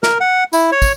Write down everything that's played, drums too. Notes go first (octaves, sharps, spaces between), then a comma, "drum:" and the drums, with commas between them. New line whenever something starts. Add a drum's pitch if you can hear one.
A#4, drum: snare
F#5
E4, drum: tambourine
C#5
drum: kick, tambourine